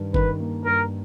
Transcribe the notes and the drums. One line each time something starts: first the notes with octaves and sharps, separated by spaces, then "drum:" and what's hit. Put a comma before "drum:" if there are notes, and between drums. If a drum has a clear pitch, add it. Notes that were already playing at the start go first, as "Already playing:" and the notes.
Already playing: G2 D#3
D#3 B4, drum: kick G1
A#3
G2 A#4